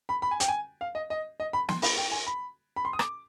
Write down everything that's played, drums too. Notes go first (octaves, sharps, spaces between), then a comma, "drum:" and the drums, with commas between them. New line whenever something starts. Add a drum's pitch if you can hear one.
B5
B5
G#5
G5, drum: hi-hat
G#5
F5
D#5
D#5
D#5
B5
C6, drum: snare
B5, drum: open hi-hat
G5
G#5
B5
B5
C6
D#6
D6, drum: rim click